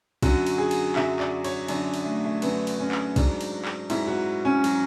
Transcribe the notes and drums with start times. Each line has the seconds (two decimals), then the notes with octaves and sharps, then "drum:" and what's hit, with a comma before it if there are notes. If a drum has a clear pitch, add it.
0.22 F#2 D3 F#3 F#4, drum: kick, cymbal
0.46 drum: cymbal
0.58 G#4
0.71 drum: cymbal
0.96 F#2 D3 F#3 E5, drum: clap
1.20 D5, drum: clap
1.44 C#5, drum: cymbal
1.68 F#2 D3 F#3 D4, drum: cymbal
1.94 drum: cymbal
2.05 A3
2.25 A3
2.42 F#2 D3 F#3 B3, drum: cymbal
2.67 drum: cymbal
2.80 C#4
2.92 drum: clap
3.16 G#2 F#3 D4, drum: kick, cymbal
3.41 drum: cymbal
3.65 drum: clap
3.90 G#2 F#3 E4, drum: cymbal
4.07 F#4
4.45 C#4
4.64 F#3, drum: cymbal